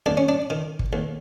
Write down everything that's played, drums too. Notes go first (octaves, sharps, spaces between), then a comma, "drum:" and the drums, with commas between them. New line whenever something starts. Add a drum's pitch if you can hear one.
D#2 D4
C#4
D4
D#3
drum: kick
D#2